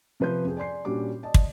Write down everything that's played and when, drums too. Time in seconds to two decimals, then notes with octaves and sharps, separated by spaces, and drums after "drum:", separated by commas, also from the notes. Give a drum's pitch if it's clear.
0.20 C3 F3 B4 C6 G6
0.45 F2 G#4
0.57 D5 G#5 C6 C7
0.85 A#2 G3 C#4 D4 F#4 D6
1.23 D5 D#5 A5
1.34 drum: kick